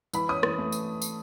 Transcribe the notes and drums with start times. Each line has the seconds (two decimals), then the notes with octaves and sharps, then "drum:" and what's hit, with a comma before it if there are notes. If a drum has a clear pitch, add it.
0.13 E3 B5, drum: tambourine
0.29 C#4 D#6
0.43 E3, drum: rim click
0.58 A3
0.72 drum: tambourine
1.02 drum: tambourine